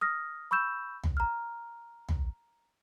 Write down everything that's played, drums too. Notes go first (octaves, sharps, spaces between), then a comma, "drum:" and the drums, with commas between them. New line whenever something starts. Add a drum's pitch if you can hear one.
D#6 F6 A#6
B5 C#6 E6 G6 E7
drum: tom
A#5 F6
drum: tom